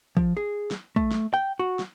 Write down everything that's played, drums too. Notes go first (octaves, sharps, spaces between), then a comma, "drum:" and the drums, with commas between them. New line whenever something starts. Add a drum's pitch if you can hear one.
F3, drum: kick
G#4
drum: snare
A3, drum: kick
drum: snare
G5
F#4
drum: snare